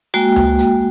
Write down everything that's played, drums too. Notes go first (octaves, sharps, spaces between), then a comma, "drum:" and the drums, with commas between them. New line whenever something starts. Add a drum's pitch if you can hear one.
G#3 A#3 F#4 G5, drum: hi-hat
drum: tom C#2
drum: hi-hat